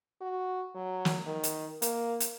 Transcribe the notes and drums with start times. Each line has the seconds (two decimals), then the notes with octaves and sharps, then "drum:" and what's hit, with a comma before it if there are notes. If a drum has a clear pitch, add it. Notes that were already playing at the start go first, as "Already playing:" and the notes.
0.21 F#4
0.75 F#3
1.05 drum: snare
1.27 D#3
1.43 drum: hi-hat
1.82 A#3, drum: hi-hat
2.20 drum: hi-hat